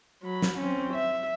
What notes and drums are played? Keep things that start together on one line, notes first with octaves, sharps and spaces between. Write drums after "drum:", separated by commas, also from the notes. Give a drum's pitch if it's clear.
F#3 B5
drum: snare
C4 C#4
E5